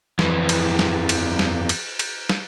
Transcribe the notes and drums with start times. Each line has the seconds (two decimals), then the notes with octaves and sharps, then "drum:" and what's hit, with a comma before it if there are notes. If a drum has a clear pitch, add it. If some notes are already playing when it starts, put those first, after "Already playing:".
0.19 F2 E3, drum: snare
0.49 drum: cymbal
0.79 drum: snare
1.09 drum: cymbal
1.39 drum: snare
1.69 drum: cymbal
1.99 drum: cymbal
2.29 drum: snare